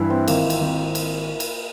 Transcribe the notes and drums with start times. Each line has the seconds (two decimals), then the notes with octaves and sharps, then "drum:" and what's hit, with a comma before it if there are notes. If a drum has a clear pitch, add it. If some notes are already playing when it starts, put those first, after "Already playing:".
Already playing: G2 E3 E4
0.10 C4
0.28 G#1 A#3, drum: cymbal
0.50 drum: cymbal
0.61 G#1
0.95 drum: cymbal
1.40 drum: cymbal